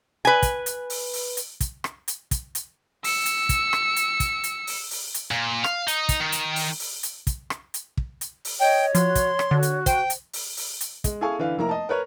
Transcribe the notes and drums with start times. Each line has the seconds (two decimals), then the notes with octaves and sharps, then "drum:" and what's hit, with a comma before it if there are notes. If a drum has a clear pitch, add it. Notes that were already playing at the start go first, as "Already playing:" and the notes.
0.25 B4 G#5
0.43 drum: kick, hi-hat
0.66 drum: hi-hat
0.90 drum: open hi-hat
1.13 drum: open hi-hat
1.37 drum: hi-hat
1.60 drum: kick, hi-hat
1.84 drum: rim click
2.08 drum: hi-hat
2.31 drum: kick, hi-hat
2.55 drum: hi-hat
3.04 E6 C#7, drum: open hi-hat
3.26 drum: hi-hat
3.49 drum: kick, hi-hat
3.73 drum: rim click
3.96 drum: hi-hat
4.20 drum: kick, hi-hat
4.44 drum: hi-hat
4.67 drum: open hi-hat
4.91 drum: open hi-hat
5.14 drum: hi-hat
5.31 A#2
5.64 F5, drum: rim click
5.88 D#4, drum: hi-hat
6.09 drum: kick, hi-hat
6.20 D#3
6.32 drum: hi-hat
6.56 drum: open hi-hat
6.79 drum: open hi-hat
7.03 drum: hi-hat
7.27 drum: kick, hi-hat
7.50 drum: rim click
7.74 drum: hi-hat
7.97 drum: kick
8.21 drum: hi-hat
8.45 drum: open hi-hat
8.60 C#5 D#5 G5
8.95 F3 F#4 C6, drum: hi-hat
9.15 drum: kick, hi-hat
9.39 drum: rim click
9.51 D3 F#4
9.63 drum: hi-hat
9.86 C5 G5, drum: kick, hi-hat
10.10 drum: hi-hat
10.33 drum: open hi-hat
10.57 drum: open hi-hat
10.81 drum: hi-hat
11.04 G#3, drum: kick, hi-hat
11.21 E4 G#4 A4 F5 G#5 C#6
11.39 D3 E3 B4 F5
11.58 F1 A#3 E4 A#5
11.69 D#5 A5
11.89 A#4 B4 C#5